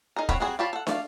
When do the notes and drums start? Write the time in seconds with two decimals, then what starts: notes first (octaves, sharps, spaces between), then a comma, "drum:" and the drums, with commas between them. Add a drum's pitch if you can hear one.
0.16 D#4 G#4 A#4
0.29 C4 C#5 F#5 B5, drum: kick
0.40 F#3 G3 C4 F#4 G#4
0.59 F4 G4 C#5 A5 B5
0.73 A4 F#5
0.87 A3 D5 F5, drum: snare